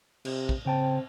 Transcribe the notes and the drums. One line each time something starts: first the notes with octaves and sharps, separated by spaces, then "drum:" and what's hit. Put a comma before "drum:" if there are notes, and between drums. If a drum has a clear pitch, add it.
C3, drum: cymbal
drum: kick
C#3 C4 G5 A5